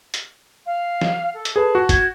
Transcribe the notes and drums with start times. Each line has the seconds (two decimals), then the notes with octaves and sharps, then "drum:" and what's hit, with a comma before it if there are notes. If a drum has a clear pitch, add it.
0.14 drum: hi-hat
0.66 F5
1.01 drum: snare
1.34 A4
1.45 drum: hi-hat
1.56 G#4 A4 B4 A5
1.75 F#4
1.89 G#6, drum: kick, hi-hat